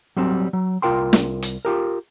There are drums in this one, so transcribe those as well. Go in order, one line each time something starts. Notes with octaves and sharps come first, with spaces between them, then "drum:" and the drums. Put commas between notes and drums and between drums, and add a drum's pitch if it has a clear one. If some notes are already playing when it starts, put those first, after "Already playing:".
F#3 G3 C4
F#3
C2 F4 A#4 G5 C6
drum: snare
drum: hi-hat
F4 G4 A#4